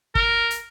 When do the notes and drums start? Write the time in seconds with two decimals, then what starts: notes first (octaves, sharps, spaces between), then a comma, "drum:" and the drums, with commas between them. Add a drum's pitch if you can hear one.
0.15 A#4, drum: kick
0.50 drum: hi-hat